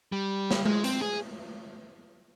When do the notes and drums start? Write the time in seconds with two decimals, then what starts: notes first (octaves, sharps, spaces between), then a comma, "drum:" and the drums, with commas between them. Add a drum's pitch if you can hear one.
0.12 G3
0.51 drum: snare
0.65 G#3, drum: tom G#3
0.84 C4, drum: hi-hat
1.01 G#4